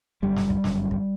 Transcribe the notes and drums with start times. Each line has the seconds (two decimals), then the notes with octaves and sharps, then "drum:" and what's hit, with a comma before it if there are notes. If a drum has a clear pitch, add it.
0.22 G1 F#2 G3
0.36 drum: snare
0.50 drum: kick
0.64 G1 F#2, drum: snare
0.91 drum: kick